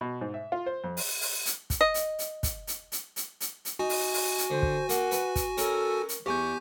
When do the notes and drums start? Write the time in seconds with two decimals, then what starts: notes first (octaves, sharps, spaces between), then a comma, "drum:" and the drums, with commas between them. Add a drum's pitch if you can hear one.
0.01 B2
0.21 G#2
0.34 E5
0.52 F4
0.66 C5
0.84 F2
0.97 drum: open hi-hat
1.21 drum: open hi-hat
1.46 drum: hi-hat
1.70 drum: kick, hi-hat
1.81 D#5
1.94 drum: hi-hat
2.19 drum: hi-hat
2.43 drum: kick, hi-hat
2.67 drum: hi-hat
2.92 drum: hi-hat
3.16 drum: hi-hat
3.41 drum: hi-hat
3.65 drum: hi-hat
3.79 D#4 F#4 G#5
3.89 drum: open hi-hat
4.14 drum: open hi-hat
4.38 drum: hi-hat
4.50 D3 C5
4.62 drum: kick
4.89 A#3 F#5, drum: hi-hat
5.11 B4, drum: hi-hat
5.36 drum: kick, hi-hat
5.57 C#4 A4 A#4 A#5, drum: hi-hat
6.09 drum: hi-hat
6.26 E2 G4 G#5 C#6 G6